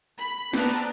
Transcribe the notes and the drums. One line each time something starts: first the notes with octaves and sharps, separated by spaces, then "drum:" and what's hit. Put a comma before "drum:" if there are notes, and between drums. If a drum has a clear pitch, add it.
B5
B3 C4 D4 B4 A5 A#5, drum: snare